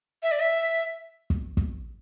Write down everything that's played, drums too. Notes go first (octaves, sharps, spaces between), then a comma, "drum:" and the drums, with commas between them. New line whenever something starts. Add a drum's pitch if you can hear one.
E5
D5
E5
drum: kick
drum: kick